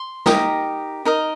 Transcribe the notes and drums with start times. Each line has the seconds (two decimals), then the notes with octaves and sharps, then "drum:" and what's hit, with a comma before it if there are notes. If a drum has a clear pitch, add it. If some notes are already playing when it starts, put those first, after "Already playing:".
Already playing: C6
0.26 D#4 G4 A#4 D#6, drum: snare
1.05 D#4 A#4 D#5